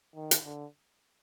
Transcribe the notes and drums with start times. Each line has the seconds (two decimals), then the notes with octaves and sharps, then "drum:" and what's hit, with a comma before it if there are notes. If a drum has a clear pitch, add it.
0.15 D#3
0.31 drum: hi-hat
0.44 D3